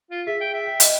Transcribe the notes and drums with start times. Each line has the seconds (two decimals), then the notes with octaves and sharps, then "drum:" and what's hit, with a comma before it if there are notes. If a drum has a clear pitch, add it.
0.11 F4
0.27 G#4 E5
0.41 G5
0.54 E5
0.66 G5
0.80 D#5, drum: hi-hat